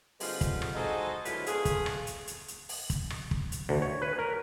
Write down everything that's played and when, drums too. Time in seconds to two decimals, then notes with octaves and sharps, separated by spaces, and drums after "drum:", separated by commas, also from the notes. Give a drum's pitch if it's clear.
0.20 D3 G3 G#3 C4 F4 B4, drum: open hi-hat
0.41 drum: kick, hi-hat
0.62 drum: rim click
0.75 G#3 D#4 F#4 A4 C5 D#5
1.25 D3 F3 F#3 E4 F4 B4, drum: hi-hat
1.46 A3 B3 F4 G#4, drum: hi-hat
1.65 drum: kick, hi-hat
1.86 drum: rim click
2.07 drum: hi-hat
2.27 drum: hi-hat
2.48 drum: hi-hat
2.69 drum: open hi-hat
2.90 drum: kick, hi-hat
3.10 drum: rim click
3.31 drum: kick
3.52 drum: hi-hat
3.69 D2
3.82 C#5
4.02 B4
4.19 A#4